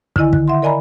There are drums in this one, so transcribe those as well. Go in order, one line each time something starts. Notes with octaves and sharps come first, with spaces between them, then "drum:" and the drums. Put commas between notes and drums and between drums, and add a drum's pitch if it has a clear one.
D3 D#3 E4 D#5 G#5, drum: kick
F#6, drum: kick
E5 F#5 C6
A#4 D5 D#5 G#5 A#5 B5